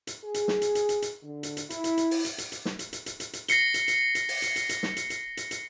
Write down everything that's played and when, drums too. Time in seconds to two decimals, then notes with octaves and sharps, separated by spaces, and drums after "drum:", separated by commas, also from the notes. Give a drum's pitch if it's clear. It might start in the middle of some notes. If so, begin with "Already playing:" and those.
0.07 drum: hi-hat
0.24 G#4
0.34 drum: hi-hat
0.48 drum: snare
0.62 drum: hi-hat
0.75 drum: hi-hat
0.89 drum: hi-hat
1.02 drum: hi-hat
1.23 D3
1.43 drum: hi-hat
1.57 drum: hi-hat
1.70 E4, drum: hi-hat
1.84 drum: hi-hat
1.97 drum: hi-hat
2.11 drum: open hi-hat
2.25 drum: hi-hat
2.38 drum: hi-hat
2.52 drum: hi-hat
2.65 drum: snare
2.79 drum: hi-hat
2.93 drum: hi-hat
3.06 drum: hi-hat
3.20 drum: hi-hat
3.33 drum: hi-hat
3.48 A#6 C7 C#7 G7, drum: hi-hat
3.74 drum: hi-hat
3.88 drum: hi-hat
4.15 drum: hi-hat
4.29 drum: open hi-hat
4.42 drum: hi-hat
4.56 drum: hi-hat
4.69 drum: hi-hat
4.83 drum: snare
4.96 drum: hi-hat
5.10 drum: hi-hat
5.37 drum: hi-hat
5.51 drum: hi-hat